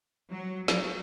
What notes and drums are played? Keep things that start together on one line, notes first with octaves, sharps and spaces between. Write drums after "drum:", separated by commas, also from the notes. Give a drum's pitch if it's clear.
F#3
F#3, drum: snare